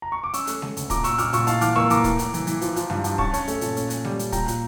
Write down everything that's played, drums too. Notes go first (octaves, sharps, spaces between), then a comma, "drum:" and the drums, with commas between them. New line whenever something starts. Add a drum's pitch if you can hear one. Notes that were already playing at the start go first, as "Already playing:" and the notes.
A#5
C#6
D6
C#4 C#6 E6, drum: hi-hat
A3, drum: hi-hat
A3, drum: snare G#3
D2, drum: hi-hat
A#2 A#5 D6, drum: kick, hi-hat
C#4 C#6 E6, drum: hi-hat
A#2 D6 F6, drum: hi-hat
A#2 C#6 E6, drum: hi-hat
A2 F5 A5, drum: hi-hat
E3 D6 F6, drum: hi-hat
A#3 C#6 E6, drum: snare G#3
E3 A#5 D6, drum: hi-hat
A2, drum: kick, hi-hat
A2, drum: hi-hat
E3, drum: hi-hat
E3, drum: hi-hat
F3, drum: hi-hat
F3, drum: hi-hat
G2, drum: snare G#3
G2, drum: hi-hat
C#4 A5 C#6, drum: kick
C#4, drum: hi-hat
A3, drum: hi-hat
A#2, drum: hi-hat
C#4, drum: hi-hat
C#4, drum: hi-hat
G3, drum: snare G#3
C#4, drum: hi-hat
A#2 G5 A#5, drum: kick, hi-hat
A#2, drum: hi-hat